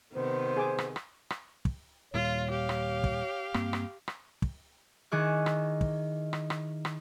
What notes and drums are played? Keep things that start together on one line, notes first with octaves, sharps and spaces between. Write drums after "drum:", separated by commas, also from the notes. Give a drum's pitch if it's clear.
C3 D#3 B3 C5
G#4 G#5 D6
drum: rim click
drum: rim click
drum: rim click
drum: kick
D#2 A#2 G3 F4 C#5
G4 F5
drum: rim click
drum: kick
G2 A#3 C4, drum: rim click
drum: rim click
drum: rim click
drum: kick
D#3 E4 G#4 C#6 D6 F#6
drum: rim click
drum: kick
drum: rim click
drum: rim click
drum: rim click